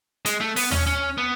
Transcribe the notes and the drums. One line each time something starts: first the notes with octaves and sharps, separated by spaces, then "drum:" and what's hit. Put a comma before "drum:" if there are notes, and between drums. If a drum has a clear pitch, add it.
G#3, drum: hi-hat
A3
B3, drum: open hi-hat
C#4, drum: tom D#2
C#4
B3